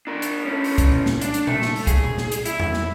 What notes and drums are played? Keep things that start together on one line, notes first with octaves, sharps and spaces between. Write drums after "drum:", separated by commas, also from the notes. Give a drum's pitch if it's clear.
D4 A#4
drum: hi-hat
A3 C#4
drum: open hi-hat
drum: kick, hi-hat
drum: tom A#2
drum: snare
D4, drum: hi-hat
drum: hi-hat
A3, drum: tom A#2
drum: snare
drum: open hi-hat
G#4, drum: kick, hi-hat
drum: tom A#2
drum: snare
drum: hi-hat
E4, drum: hi-hat
drum: tom E2
drum: snare